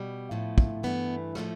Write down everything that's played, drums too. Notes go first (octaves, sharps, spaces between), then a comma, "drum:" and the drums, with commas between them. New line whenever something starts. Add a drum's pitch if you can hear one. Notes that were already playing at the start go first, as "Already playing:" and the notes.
Already playing: B2 G3
A2 F3 A3
drum: kick
G2 E3 A3 B3
A2 F3 A3, drum: rim click